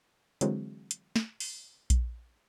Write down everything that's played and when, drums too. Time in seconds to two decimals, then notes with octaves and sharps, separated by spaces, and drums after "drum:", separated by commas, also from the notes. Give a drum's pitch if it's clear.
0.41 D3 E3 F#3 G#3 C4, drum: hi-hat
0.91 drum: hi-hat
1.16 drum: snare
1.40 drum: open hi-hat
1.90 drum: kick A#1, hi-hat